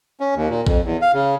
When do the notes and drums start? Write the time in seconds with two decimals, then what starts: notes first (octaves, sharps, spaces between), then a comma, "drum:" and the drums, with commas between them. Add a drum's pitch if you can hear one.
0.20 C#4
0.35 D#2
0.50 A#2
0.67 F2, drum: kick
0.85 E2
1.02 F5
1.14 C#3